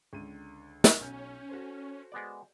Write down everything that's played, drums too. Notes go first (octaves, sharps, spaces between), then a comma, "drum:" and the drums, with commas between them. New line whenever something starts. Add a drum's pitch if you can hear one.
C#2 D3 D#7
drum: snare
B1 C#4 G#5 G6
F#4 A4 C5
G#3 B3 D5